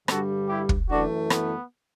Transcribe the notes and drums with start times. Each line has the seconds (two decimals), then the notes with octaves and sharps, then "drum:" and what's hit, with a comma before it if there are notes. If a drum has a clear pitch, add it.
0.08 G2 D3 G3 F#4 A4, drum: rim click
0.48 E4 G4
0.69 drum: kick
0.89 F#2 E3 A3 D4 F#4
1.30 B3, drum: rim click